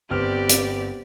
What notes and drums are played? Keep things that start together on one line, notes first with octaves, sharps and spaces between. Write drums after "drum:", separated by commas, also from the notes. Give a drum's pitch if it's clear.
G1 C4 G4 B4 D5 F6
drum: hi-hat